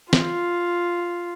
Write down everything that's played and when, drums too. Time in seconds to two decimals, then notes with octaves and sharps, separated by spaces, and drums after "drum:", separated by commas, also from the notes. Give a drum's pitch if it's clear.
0.13 F4, drum: snare